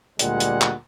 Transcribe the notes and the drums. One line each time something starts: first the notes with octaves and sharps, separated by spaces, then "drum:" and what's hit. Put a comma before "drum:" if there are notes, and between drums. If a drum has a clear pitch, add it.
D2 A#2 G3 G#3 F#5, drum: hi-hat
drum: hi-hat
drum: clap